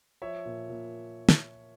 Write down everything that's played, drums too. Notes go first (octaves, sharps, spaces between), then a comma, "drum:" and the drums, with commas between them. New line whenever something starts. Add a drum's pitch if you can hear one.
F3 C#5 E5
A#2
A#2
drum: snare